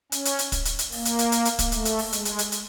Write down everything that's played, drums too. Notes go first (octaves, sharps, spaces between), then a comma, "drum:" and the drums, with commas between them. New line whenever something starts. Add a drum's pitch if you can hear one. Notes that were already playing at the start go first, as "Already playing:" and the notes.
C#4, drum: hi-hat
drum: hi-hat
drum: hi-hat
drum: kick, hi-hat
drum: hi-hat
drum: hi-hat
A#3, drum: open hi-hat
drum: hi-hat
drum: hi-hat
drum: hi-hat
drum: hi-hat
drum: kick, hi-hat
A3, drum: hi-hat
drum: hi-hat
drum: open hi-hat
G#3, drum: hi-hat
drum: hi-hat
drum: hi-hat
drum: hi-hat